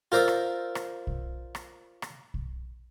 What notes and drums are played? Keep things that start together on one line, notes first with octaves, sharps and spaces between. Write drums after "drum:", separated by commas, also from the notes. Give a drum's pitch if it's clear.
F4 A#4 C5 D5 E5
drum: rim click
drum: rim click
drum: kick
drum: rim click
drum: rim click
drum: kick